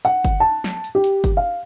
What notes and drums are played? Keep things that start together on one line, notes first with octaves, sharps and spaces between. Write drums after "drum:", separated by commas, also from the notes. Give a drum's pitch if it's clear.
F#5, drum: hi-hat
drum: kick G1, hi-hat
A5
drum: snare
drum: hi-hat
G4
drum: hi-hat
drum: kick G1, hi-hat
F5